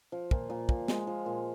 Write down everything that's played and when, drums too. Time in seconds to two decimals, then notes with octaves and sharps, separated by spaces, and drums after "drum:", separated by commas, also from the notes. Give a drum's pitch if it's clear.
0.12 F3
0.31 A#2, drum: kick
0.50 A#2
0.69 A#2, drum: kick
0.88 G#3, drum: snare
1.07 F3
1.26 A#2